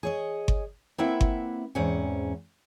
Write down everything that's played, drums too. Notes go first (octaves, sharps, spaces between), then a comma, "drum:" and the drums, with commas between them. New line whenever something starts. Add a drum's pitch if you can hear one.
G#4 C#5 D#5
drum: kick G1
A#3 C4 E4 B4 E5 F#5
drum: kick G1
E2 G#2 C4 C#4 F#5